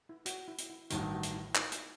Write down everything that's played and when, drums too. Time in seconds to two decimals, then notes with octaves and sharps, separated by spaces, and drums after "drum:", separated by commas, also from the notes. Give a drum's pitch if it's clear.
0.09 E4
0.26 F#4, drum: hi-hat
0.48 E4
0.58 drum: hi-hat
0.70 E4
0.90 A1 G2 D#3 F#4, drum: hi-hat
1.12 F#4
1.23 drum: hi-hat
1.34 E4
1.55 D#4, drum: clap
1.72 drum: hi-hat